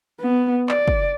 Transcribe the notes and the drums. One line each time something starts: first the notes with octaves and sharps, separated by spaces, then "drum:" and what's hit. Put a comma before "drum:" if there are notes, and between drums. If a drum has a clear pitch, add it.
B3
D5, drum: clap
drum: kick